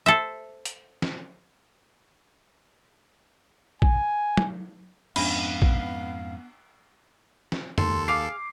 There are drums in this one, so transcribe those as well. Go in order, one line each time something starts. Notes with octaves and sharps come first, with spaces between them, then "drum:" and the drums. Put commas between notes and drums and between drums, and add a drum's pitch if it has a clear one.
A4 C5 E5
drum: hi-hat
drum: snare
G#5, drum: kick A#1
drum: tom F#3
F2 G#2 B3 C#4 D4 F5 B5, drum: cymbal
drum: kick A#1
drum: snare
D#2 A4 C6, drum: tom F2
G#4 F5 D6 C7